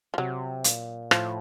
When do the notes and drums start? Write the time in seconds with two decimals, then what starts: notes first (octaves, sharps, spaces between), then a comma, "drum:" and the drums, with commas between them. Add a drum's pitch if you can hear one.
0.14 F3
0.18 C3 F#3
0.64 A#2, drum: hi-hat
1.11 A2 F3, drum: rim click